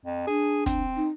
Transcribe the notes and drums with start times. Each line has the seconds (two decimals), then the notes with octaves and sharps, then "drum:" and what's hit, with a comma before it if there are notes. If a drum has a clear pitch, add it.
0.06 F2
0.27 D4 G#4
0.66 C4, drum: kick, hi-hat
0.96 D#4